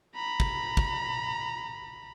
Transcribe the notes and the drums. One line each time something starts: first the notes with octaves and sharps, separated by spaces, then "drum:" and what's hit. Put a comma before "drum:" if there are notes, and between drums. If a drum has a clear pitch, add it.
A#5 B5
drum: kick
drum: kick